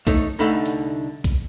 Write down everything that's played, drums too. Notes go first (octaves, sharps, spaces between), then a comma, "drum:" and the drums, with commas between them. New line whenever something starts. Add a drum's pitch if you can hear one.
A3 D#4 C#5, drum: kick B1, hi-hat
C2 D3 A3 D#4 B5
drum: hi-hat
drum: kick B1, hi-hat